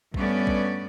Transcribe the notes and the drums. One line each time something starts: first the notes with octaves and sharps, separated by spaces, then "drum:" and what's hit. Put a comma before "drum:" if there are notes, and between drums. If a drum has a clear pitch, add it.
G2 A3 B3 C#4 D5, drum: kick
drum: kick